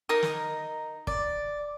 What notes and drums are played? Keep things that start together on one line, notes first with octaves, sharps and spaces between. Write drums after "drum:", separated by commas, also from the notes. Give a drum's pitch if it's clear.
D#4 A#4 D#6
drum: snare
D5, drum: kick